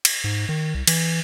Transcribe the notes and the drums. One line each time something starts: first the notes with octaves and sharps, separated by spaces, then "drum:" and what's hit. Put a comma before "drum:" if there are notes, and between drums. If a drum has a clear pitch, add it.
drum: cymbal
G#2
D#3
C2
E3, drum: cymbal